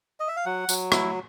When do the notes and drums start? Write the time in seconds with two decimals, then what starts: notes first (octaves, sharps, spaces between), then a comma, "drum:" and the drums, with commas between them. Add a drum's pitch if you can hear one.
0.20 D#5
0.28 E5
0.37 F5
0.46 F#3 F#5
0.69 F#3, drum: tambourine
0.92 E4, drum: rim click